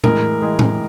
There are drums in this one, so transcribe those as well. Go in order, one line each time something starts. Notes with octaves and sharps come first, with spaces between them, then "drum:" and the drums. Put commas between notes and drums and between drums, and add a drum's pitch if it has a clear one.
A2 E3 G#3 A#4, drum: tom A2
A2 E3 G#3
drum: tom A2